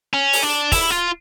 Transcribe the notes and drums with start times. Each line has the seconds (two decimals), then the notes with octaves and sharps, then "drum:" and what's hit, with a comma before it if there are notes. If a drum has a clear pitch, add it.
0.14 C#4
0.33 drum: open hi-hat
0.43 D4
0.72 E4, drum: kick, open hi-hat
0.90 F4